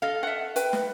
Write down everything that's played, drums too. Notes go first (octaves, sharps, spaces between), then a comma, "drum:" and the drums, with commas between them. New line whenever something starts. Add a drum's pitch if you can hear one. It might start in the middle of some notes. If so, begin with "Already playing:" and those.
A4 D#5 F5
E5 F#5
B4 G5, drum: hi-hat
drum: snare